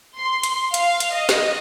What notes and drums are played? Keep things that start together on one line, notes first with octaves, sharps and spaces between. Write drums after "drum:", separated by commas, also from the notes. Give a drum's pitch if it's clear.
C6
drum: hi-hat
F5, drum: hi-hat
drum: hi-hat
D#5
drum: snare